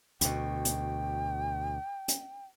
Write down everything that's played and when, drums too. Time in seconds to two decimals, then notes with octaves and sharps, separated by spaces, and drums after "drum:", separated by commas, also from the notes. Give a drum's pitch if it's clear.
0.21 D2 B2 G5, drum: hi-hat
0.65 drum: hi-hat
2.08 drum: hi-hat